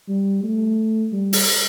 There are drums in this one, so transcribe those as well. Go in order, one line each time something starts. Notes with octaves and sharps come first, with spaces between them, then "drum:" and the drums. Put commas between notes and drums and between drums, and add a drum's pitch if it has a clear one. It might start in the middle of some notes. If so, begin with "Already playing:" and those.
G3
A3
G3
drum: open hi-hat